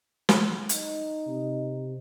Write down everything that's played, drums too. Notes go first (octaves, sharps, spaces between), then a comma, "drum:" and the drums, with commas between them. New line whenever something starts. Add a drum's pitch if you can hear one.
drum: snare
D#4, drum: hi-hat
C3